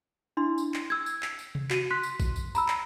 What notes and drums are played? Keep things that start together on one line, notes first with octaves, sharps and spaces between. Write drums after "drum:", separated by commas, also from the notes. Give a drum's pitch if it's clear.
D4 E4 C6
drum: tambourine
drum: clap
E6 G#6
drum: tambourine
drum: clap
drum: tambourine
drum: tom C3
F#4 D#7, drum: clap
C6 F#6 B6
drum: tambourine
drum: kick, tambourine
drum: tambourine
A#5 B5 E6, drum: tambourine
drum: clap